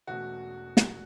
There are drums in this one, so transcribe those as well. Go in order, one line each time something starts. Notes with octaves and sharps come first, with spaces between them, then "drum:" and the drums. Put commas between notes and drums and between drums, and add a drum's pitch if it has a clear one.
E1 E2 B2 A3 C#4 F#4
drum: snare